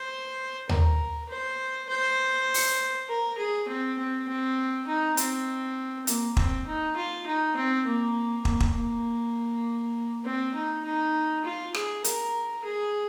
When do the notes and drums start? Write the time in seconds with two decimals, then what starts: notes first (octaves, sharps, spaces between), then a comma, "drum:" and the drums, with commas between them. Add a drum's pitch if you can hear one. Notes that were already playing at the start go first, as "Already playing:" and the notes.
Already playing: C5
0.69 A#4, drum: tom D#2
1.29 C5
1.89 C5
2.54 drum: open hi-hat
3.09 A#4
3.38 G#4
3.68 C4
3.98 C4
4.28 C4
4.87 D#4
5.17 C4, drum: hi-hat
6.07 A#3, drum: hi-hat
6.37 C4, drum: kick
6.67 D#4
6.96 F4
7.26 D#4
7.56 C4
7.86 A#3
8.45 A#3, drum: kick
8.60 drum: kick
8.75 A#3
10.25 C4
10.54 D#4
10.85 D#4
11.45 F4
11.74 G#4, drum: rim click
12.04 A#4, drum: hi-hat
12.64 G#4